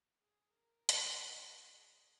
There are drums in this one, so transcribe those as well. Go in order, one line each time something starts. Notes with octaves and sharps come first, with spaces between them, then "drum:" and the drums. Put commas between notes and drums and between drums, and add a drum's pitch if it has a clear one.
G#4
A#4
drum: hi-hat
G#4
G#4
G#4